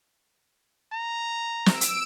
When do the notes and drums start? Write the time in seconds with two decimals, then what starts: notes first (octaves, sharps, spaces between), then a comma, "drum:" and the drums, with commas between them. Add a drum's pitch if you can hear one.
0.93 A#5
1.66 E6 D7, drum: snare
1.81 drum: hi-hat